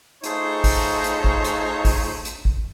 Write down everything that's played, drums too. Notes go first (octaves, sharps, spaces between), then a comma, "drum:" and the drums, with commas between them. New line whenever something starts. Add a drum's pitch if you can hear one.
A3 D#4 F4 G#4 C5 C#5, drum: hi-hat
drum: kick, open hi-hat
drum: hi-hat
drum: kick
drum: hi-hat
drum: kick, open hi-hat
drum: hi-hat
drum: kick